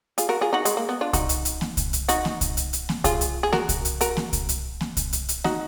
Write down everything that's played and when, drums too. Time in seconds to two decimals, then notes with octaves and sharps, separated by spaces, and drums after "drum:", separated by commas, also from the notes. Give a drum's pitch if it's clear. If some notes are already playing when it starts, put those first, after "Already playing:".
0.18 F4 G#4, drum: hi-hat
0.29 F#4 A#4
0.41 F4 G#4
0.53 D#4 F#4
0.65 G#3, drum: hi-hat
0.77 A#3
0.89 B3
1.01 D4 F4
1.13 D#4 F#4, drum: kick C2, hi-hat
1.29 drum: hi-hat
1.45 drum: hi-hat
1.61 drum: snare A#3
1.77 drum: kick C2, hi-hat
1.93 drum: hi-hat
2.08 D#4 F#4, drum: hi-hat
2.25 drum: snare A#3
2.41 drum: kick C2, hi-hat
2.57 drum: hi-hat
2.73 drum: hi-hat
2.89 drum: snare A#3
3.04 F4 G#4, drum: kick C2, hi-hat
3.21 drum: hi-hat
3.43 G#4
3.53 F#4 A#4, drum: snare A#3
3.69 drum: kick C2, hi-hat
3.85 drum: hi-hat
4.01 F#4 A#4, drum: hi-hat
4.17 drum: snare A#3
4.33 drum: kick C2, hi-hat
4.49 drum: hi-hat
4.81 drum: snare A#3
4.97 drum: kick C2, hi-hat
5.13 drum: hi-hat
5.29 drum: hi-hat
5.44 D#4 F#4, drum: snare A#3